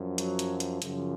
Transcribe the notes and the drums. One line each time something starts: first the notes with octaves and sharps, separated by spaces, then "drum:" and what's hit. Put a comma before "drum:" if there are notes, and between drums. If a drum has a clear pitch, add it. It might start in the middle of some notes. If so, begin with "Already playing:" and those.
Already playing: F#2 F3
F#3, drum: hi-hat
drum: hi-hat
drum: hi-hat
F#2 C#3 F3, drum: hi-hat